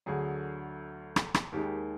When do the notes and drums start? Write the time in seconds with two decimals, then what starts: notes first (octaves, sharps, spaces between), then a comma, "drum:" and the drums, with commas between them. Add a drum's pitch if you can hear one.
0.06 D2 D3 F#3 G#4
1.16 drum: rim click
1.34 drum: rim click
1.52 D#2 D#3 G#3 G4